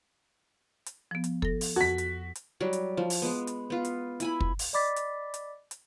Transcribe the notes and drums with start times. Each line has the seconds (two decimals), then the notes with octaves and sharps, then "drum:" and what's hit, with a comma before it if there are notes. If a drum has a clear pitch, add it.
0.86 drum: hi-hat
1.11 F3 B3
1.24 drum: hi-hat
1.42 A4 A#6, drum: kick
1.61 drum: open hi-hat
1.76 F2 F#4 B6
1.98 drum: hi-hat
2.35 drum: hi-hat
2.60 F#3 G3
2.73 drum: hi-hat
2.97 F3
3.10 drum: open hi-hat
3.22 G#3 B3
3.47 drum: hi-hat
3.70 B3 F4
3.85 drum: hi-hat
4.20 E4 G#5 B5, drum: hi-hat
4.40 drum: kick
4.59 drum: open hi-hat
4.73 D5 D#5 B5 D6 A6 B6
4.96 drum: hi-hat
5.34 drum: hi-hat
5.71 drum: hi-hat